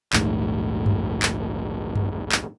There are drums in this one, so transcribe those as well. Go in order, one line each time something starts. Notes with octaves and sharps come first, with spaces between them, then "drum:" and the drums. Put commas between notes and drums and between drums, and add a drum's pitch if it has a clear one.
A#1 D#2 G#2 A3, drum: clap
drum: tom F#2
drum: clap
drum: tom F#2
drum: clap